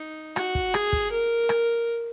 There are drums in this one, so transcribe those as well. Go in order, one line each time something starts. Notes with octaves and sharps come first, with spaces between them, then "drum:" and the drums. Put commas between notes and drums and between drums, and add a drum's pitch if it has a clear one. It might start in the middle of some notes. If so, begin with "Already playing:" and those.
Already playing: D#4
F#4, drum: rim click
drum: kick
G#4, drum: rim click
drum: kick
A#4
drum: rim click